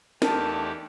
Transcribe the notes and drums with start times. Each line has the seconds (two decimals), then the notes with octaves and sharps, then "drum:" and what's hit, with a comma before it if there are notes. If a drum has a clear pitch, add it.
0.22 E2 A3 D4 D#4 G4 A#4 A5, drum: snare